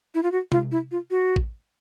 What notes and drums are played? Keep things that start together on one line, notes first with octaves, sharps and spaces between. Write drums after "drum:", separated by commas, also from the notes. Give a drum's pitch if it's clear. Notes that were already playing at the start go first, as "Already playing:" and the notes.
E4
F4
F#4
F4, drum: tom C3
E4
F4
F#4
drum: kick